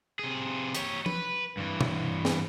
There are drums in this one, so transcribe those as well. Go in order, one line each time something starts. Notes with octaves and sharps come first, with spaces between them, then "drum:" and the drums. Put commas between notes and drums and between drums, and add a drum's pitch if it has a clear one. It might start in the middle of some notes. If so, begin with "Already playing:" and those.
C3 G#4
G4 C#5, drum: hi-hat
B4, drum: tom
G2 E3
drum: tom
drum: snare